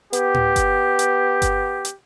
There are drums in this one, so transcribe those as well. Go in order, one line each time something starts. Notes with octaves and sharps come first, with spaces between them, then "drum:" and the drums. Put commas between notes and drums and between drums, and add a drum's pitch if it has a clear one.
B3 G4, drum: hi-hat
drum: tom A2
drum: kick G1, hi-hat
drum: hi-hat
drum: kick G1, hi-hat
drum: hi-hat